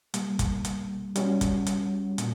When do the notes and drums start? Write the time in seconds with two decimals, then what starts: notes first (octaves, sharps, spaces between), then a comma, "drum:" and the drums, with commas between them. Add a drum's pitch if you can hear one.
0.14 B2 G3 A#3, drum: hi-hat
0.39 drum: kick, hi-hat
0.65 drum: hi-hat
1.16 G3 C#4 F#4, drum: hi-hat
1.41 drum: kick, hi-hat
1.67 drum: hi-hat
2.18 A#2, drum: hi-hat